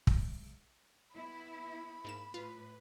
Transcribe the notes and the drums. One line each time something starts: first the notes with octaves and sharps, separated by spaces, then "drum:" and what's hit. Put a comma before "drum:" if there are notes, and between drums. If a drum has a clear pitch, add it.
drum: kick
B3 E4 B5
G#2 A#3 E7
A2 F4 B4